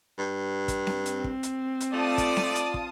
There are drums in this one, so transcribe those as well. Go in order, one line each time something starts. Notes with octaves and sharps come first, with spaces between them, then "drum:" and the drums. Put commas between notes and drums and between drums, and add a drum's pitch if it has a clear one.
G2
drum: kick, hi-hat
drum: snare C4
C4, drum: hi-hat
drum: kick
drum: hi-hat
drum: hi-hat
A3 F4 D5 A5 D#6
drum: kick, hi-hat
drum: snare C4
drum: hi-hat
drum: kick